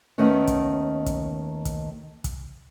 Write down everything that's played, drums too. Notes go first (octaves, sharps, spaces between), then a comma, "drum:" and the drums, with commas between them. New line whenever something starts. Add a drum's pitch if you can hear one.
D#2 D#3 A3 B3 C#4
drum: kick, hi-hat
drum: kick, hi-hat
drum: kick, hi-hat
drum: kick, hi-hat